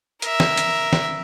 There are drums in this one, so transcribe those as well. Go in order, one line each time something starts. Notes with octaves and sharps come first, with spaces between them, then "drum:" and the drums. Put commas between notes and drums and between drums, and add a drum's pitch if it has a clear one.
A#4 E5, drum: hi-hat
drum: snare
drum: hi-hat
drum: snare